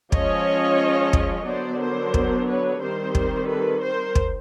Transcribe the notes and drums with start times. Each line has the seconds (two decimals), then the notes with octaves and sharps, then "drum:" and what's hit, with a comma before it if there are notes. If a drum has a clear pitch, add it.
0.12 F3 G#3 C#4 C#5 D#5, drum: kick
1.13 drum: kick
1.46 D3 F#3 B3 D4 C5 D5
1.81 A#4 C5
2.14 drum: kick
2.47 B4 C#5
2.81 D#3 G3 C4 A#4 C5
3.15 drum: kick
3.48 A4 B4
3.82 A#4 C5
4.15 drum: kick